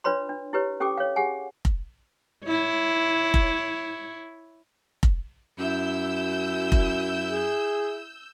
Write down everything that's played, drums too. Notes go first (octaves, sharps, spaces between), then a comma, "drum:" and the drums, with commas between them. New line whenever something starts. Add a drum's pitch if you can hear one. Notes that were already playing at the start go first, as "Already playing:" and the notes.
D4 F4 B4 C#5 B5 C6
D4
E4 G4 B4 C#5
C#4 G4 A4 G5 D6
C#5 F5
G4 G#4 F#5 G#5
drum: kick F1
E4 C#5
drum: kick F1
drum: kick F1
F#2 E4 E6 G6
drum: kick F1
G#4